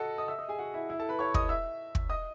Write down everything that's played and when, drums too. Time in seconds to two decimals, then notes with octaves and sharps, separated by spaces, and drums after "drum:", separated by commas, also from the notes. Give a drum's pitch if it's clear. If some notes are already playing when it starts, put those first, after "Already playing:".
Already playing: F#4 A4 D#5 F#5 A5
0.18 D#5 D#6
0.28 E5 E6
0.39 D#5 D#6
0.49 G#4 G#5
0.59 F#4 F#5
0.74 E4 E5
0.89 E4 E5
0.99 A4 A5
1.09 B4 B5
1.19 C#5 C#6
1.34 D#5 D#6, drum: kick
1.49 E5 E6
1.95 drum: kick
2.10 D#5 D#6